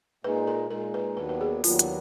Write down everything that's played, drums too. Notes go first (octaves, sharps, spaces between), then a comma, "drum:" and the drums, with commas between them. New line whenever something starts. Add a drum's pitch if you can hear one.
A#2 G#3 D#4 B4
A#4
A#2 G#3 D#4 A#4
B4
D#2 D#3 F#3 B3 D4 B4
B4
G#4
D#2 D#3 F#3 B3 D4 F4, drum: open hi-hat
drum: hi-hat